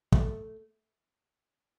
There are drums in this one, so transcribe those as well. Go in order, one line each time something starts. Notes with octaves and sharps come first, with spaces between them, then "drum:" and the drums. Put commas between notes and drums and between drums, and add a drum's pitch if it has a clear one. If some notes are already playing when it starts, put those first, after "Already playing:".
A3, drum: kick